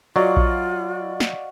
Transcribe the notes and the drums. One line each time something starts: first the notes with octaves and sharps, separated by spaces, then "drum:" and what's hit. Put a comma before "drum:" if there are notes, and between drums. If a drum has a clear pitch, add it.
F#3 F4 F#4 D5 D#5 F5
drum: kick A#1
drum: snare